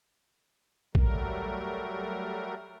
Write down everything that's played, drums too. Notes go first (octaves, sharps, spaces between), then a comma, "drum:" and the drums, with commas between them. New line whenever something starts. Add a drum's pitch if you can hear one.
F#3 G3 A3 A#4, drum: kick A#1